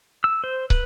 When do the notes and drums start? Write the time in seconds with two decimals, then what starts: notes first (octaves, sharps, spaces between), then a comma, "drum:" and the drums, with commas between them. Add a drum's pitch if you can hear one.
0.24 E6
0.44 C5
0.70 B4, drum: kick